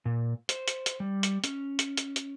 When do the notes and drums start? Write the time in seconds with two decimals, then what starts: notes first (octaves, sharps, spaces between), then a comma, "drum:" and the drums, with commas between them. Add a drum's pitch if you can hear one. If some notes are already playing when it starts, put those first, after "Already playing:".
0.05 A#2
0.49 C5, drum: hi-hat
0.68 drum: hi-hat
0.86 drum: hi-hat
1.00 G3
1.23 drum: hi-hat
1.44 C#4, drum: hi-hat
1.79 drum: hi-hat
1.97 drum: hi-hat
2.16 drum: hi-hat